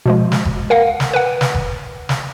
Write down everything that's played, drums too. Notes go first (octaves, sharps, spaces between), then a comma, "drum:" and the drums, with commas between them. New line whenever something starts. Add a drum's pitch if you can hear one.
B2 F3 G#3
drum: snare
drum: kick F#1
A#4 F5 F#5
drum: snare
B4 F#5
drum: snare
drum: kick F#1
drum: snare